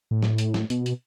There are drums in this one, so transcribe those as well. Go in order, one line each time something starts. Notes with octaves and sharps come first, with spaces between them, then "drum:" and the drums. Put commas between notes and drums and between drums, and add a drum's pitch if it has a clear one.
A2
drum: snare
drum: hi-hat
drum: snare
B2, drum: hi-hat
drum: hi-hat